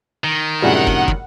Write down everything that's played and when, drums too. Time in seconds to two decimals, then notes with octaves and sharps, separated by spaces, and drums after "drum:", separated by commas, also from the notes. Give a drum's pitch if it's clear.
0.24 D#3
0.62 F#2 A2 C3 G3 F4 G#4 F#5
0.87 drum: kick
1.08 drum: kick